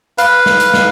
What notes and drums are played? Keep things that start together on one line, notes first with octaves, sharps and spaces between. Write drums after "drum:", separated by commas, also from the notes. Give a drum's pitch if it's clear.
B4 F5, drum: hi-hat
drum: snare
drum: hi-hat
drum: snare